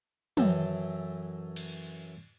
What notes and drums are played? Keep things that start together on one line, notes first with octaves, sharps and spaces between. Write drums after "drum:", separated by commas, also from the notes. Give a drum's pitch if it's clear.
F#2 E3 F#3 A4 G5, drum: tom
drum: cymbal